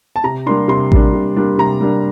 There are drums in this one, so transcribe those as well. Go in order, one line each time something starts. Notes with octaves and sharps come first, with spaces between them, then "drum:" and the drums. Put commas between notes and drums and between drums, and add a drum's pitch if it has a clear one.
A5
C3 A#5
G3 A#3 D4 C6
C3 C6
G3 A#3 D4, drum: kick A1
C3
G3 A#3 D4
C3 A#5
G3 A#3 D4